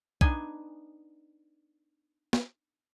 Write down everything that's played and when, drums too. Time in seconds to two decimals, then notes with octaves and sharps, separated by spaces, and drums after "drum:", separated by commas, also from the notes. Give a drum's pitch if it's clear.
0.21 B3 D4 D#4 D#5 G#5, drum: kick B1
2.33 drum: snare